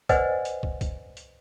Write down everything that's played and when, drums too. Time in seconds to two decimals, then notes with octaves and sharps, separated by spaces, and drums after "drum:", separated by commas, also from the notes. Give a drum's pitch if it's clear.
0.09 B4 C5 D5 D#5 F#5 G#5, drum: kick, hi-hat
0.45 drum: hi-hat
0.63 drum: kick
0.81 drum: kick, hi-hat
1.17 drum: hi-hat